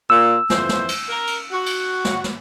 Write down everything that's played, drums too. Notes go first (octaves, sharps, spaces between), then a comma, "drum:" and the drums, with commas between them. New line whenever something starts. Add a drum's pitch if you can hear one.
A#2 E6
F2 E3 C5, drum: snare
drum: snare
drum: cymbal
A#4
drum: cymbal
F#4
drum: cymbal
drum: snare
drum: snare